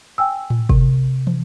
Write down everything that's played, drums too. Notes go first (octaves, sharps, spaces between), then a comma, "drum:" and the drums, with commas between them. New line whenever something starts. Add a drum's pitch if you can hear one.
G5 G#5 E6
drum: tom A2
C3, drum: kick
drum: tom